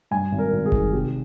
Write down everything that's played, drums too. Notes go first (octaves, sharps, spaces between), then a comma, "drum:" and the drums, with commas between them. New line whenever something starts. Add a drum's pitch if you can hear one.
G2 G#5
G#1
A#4
G#1
G#4
D#3, drum: kick F#1
C3 G4